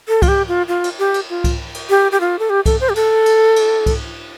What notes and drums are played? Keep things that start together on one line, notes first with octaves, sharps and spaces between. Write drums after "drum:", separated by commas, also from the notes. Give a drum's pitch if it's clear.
A4
F4, drum: kick C2, cymbal
G4
F4
F4
drum: cymbal
G4
drum: cymbal
F4
drum: kick C2, cymbal
drum: cymbal
G4
G4
F4
A4
G4
A4, drum: kick C2, cymbal
C5
G4
A4, drum: cymbal
drum: cymbal
drum: cymbal
drum: kick C2, cymbal